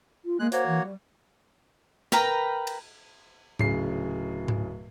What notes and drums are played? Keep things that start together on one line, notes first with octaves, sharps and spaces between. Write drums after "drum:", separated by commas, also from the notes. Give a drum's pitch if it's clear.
F4
G#3 A#3 F#6
A#3 F#4 C5 C#5, drum: hi-hat
E3
G3
A#4 B4 G5 A#5, drum: snare
drum: cymbal
D1 C#3 C7, drum: tom G#2
drum: tom G#2